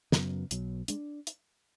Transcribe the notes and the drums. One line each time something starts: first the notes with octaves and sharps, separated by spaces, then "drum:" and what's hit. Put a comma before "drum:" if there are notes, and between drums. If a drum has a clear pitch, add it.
F#2 C#3 F#3 B3, drum: snare
B1 B2 F#3, drum: hi-hat
G#3 D4, drum: hi-hat
drum: hi-hat